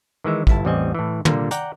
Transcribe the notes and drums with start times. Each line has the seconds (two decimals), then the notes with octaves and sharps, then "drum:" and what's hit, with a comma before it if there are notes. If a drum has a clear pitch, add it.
0.24 D#3 E3 G#3 E5
0.47 G1 E4 A5, drum: kick
0.65 A1 E2 G3 C4 D#5 G#5
0.95 A2 E3
1.25 A#2 D3 G3 A#3, drum: tom
1.51 D5 F#5 G5 A#5, drum: hi-hat